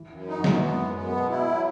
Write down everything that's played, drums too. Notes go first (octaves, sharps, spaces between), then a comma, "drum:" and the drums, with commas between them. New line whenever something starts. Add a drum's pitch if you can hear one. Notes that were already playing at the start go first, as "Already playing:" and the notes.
Already playing: E3
F#2
D#4
F#3
E3 G#3, drum: snare
B3
F#2
B3
B2
E4
F#3